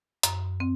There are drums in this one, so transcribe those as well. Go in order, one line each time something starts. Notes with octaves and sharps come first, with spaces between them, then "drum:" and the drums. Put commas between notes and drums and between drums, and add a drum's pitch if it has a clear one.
F#2, drum: hi-hat
C4